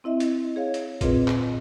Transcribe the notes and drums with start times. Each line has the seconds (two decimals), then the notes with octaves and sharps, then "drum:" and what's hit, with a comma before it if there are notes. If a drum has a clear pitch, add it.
0.04 C4 E4 D#5 E5
0.20 drum: hi-hat
0.56 G#4 C#5 F5
0.74 drum: hi-hat
1.01 A#2 C4 F4 G#4 B4 D#5, drum: kick, hi-hat
1.28 drum: clap